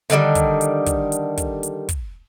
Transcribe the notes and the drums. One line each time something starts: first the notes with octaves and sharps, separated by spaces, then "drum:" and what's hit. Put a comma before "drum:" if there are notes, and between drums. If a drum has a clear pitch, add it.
D3 D#3 F3 G3, drum: hi-hat
drum: kick, hi-hat
drum: hi-hat
drum: kick, hi-hat
drum: hi-hat
drum: kick, hi-hat
drum: hi-hat
drum: kick, hi-hat